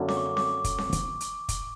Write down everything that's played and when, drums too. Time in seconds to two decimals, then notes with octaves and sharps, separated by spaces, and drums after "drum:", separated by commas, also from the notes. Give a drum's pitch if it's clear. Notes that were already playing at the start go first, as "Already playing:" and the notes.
Already playing: F#2 D3 F#3 A#3 D4
0.08 D6, drum: snare C4
0.17 C#6
0.26 D6
0.37 D6, drum: snare C4
0.64 drum: kick, hi-hat
0.78 drum: snare C4
0.92 drum: kick, hi-hat
1.20 drum: hi-hat
1.49 drum: kick, hi-hat